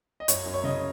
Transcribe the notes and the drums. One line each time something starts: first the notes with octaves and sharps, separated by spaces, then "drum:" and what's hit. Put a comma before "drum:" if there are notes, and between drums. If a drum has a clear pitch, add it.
D#5
F#2 C#5, drum: hi-hat
F#2
C#5
C#3 D#5